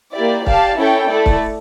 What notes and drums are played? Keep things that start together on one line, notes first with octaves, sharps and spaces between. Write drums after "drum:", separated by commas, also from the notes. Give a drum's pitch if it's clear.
A#3 E4 G4 D5
G4 D5 F5 A5, drum: kick C#1
C#4 E4 A4 C#5 G5
A3 E4 A4 D5
drum: kick C#1